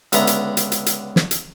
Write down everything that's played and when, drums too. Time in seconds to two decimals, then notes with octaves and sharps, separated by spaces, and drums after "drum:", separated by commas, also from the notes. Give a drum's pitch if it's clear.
0.12 C#2 D3 B3 E5 A#5, drum: hi-hat
0.27 drum: hi-hat
0.57 drum: hi-hat
0.72 drum: hi-hat
0.86 drum: hi-hat
1.16 drum: snare
1.31 drum: hi-hat